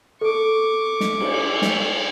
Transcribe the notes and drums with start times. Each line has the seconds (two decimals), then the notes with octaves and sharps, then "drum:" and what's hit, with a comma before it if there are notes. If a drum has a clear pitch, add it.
0.21 A4 C#6 D6
1.00 drum: snare
1.20 drum: cymbal
1.62 drum: snare